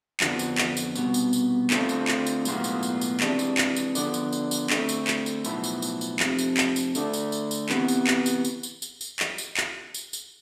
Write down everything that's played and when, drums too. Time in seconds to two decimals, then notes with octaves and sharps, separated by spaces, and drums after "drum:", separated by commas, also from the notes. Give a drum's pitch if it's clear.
0.20 F2 D3 F3 B3, drum: clap
0.39 drum: tambourine
0.58 drum: clap
0.77 drum: tambourine
0.95 C2 B2 B3, drum: tambourine
1.14 drum: tambourine
1.33 drum: tambourine
1.70 D3 A3 C4 F4, drum: clap
1.89 drum: tambourine
2.08 drum: clap
2.26 drum: tambourine
2.45 B1 A2 G#3 B3 F4, drum: tambourine
2.64 drum: tambourine
2.83 drum: tambourine
3.01 drum: tambourine
3.20 C3 E3 G#3 D4, drum: clap
3.39 drum: tambourine
3.58 drum: clap
3.76 drum: tambourine
3.95 D3 F3 G#3 B3 D4, drum: tambourine
4.14 drum: tambourine
4.33 drum: tambourine
4.51 drum: tambourine
4.70 D3 A3 C4, drum: clap
4.89 drum: tambourine
5.07 drum: clap
5.26 drum: tambourine
5.45 B1 A2 F3 B3 E4, drum: tambourine
5.64 drum: tambourine
5.82 drum: tambourine
6.01 drum: tambourine
6.20 F2 C3 F3, drum: clap
6.39 drum: tambourine
6.57 drum: clap
6.76 drum: tambourine
6.95 D3 A3 D4, drum: tambourine
7.13 drum: tambourine
7.32 drum: tambourine
7.51 drum: tambourine
7.69 C3 E3 B3, drum: clap
7.88 drum: tambourine
8.07 drum: clap
8.26 drum: tambourine
8.45 drum: tambourine
8.63 drum: tambourine
8.82 drum: tambourine
9.01 drum: tambourine
9.19 drum: clap
9.38 drum: tambourine
9.57 drum: clap
9.94 drum: tambourine
10.13 drum: tambourine